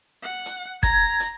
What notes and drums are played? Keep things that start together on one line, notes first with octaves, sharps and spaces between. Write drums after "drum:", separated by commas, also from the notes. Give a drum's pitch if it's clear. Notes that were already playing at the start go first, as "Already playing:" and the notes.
F#5
drum: hi-hat
A#5 G#6, drum: kick, hi-hat
drum: hi-hat